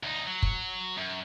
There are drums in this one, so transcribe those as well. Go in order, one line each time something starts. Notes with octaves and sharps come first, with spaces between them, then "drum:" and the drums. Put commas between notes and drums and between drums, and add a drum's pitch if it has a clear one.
D2 D#4
F#3
drum: kick
F#2